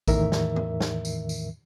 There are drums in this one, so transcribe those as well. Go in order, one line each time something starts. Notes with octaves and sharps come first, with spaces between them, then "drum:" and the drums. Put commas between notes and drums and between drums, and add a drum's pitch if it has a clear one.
E2 A2 D#3 E3 A#4 E5, drum: kick A#1, tambourine
drum: snare
drum: tom D#3
drum: snare
drum: tambourine
drum: tambourine